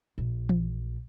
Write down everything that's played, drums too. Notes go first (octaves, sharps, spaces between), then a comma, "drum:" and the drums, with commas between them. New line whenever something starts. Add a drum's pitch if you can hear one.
A#1
drum: tom E3